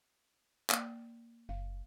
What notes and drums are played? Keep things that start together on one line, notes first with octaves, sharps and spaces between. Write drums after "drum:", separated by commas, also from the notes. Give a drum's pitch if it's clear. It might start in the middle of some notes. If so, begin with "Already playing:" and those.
A#3 D5, drum: clap
F#1 F5